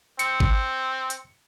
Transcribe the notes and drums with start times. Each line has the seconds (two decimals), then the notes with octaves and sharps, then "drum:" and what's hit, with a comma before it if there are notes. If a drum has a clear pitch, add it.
0.19 C4 C#7, drum: hi-hat
0.40 drum: kick G#1
1.10 drum: hi-hat